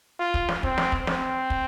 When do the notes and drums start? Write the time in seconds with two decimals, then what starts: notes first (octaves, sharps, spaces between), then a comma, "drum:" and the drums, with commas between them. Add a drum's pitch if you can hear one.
0.19 F4
0.34 drum: kick
0.49 drum: snare
0.63 C4, drum: kick
0.78 drum: snare
0.92 drum: kick
1.07 C4, drum: snare
1.50 drum: kick